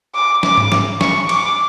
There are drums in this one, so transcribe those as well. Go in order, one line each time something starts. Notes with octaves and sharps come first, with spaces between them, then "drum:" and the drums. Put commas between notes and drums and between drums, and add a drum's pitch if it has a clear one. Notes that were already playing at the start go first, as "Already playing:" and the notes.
D6
D6, drum: snare
drum: tom G#2
drum: snare
C#6, drum: snare
D6, drum: cymbal